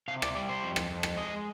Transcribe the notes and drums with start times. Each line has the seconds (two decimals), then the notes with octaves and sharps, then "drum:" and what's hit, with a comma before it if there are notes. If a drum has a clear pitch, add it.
0.08 C3 F5
0.22 D5, drum: rim click
0.35 G3 D5
0.49 C5
0.63 F2
0.76 drum: rim click
0.90 F2
1.03 drum: rim click
1.16 G#3 D#5